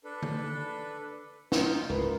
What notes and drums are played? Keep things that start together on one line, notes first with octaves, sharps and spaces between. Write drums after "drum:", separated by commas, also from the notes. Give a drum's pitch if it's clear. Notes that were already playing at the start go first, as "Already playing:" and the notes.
D4 A4 B4
drum: tom D3
D#4 F4 G6, drum: snare
C#2 G#2 F4 A#4 B4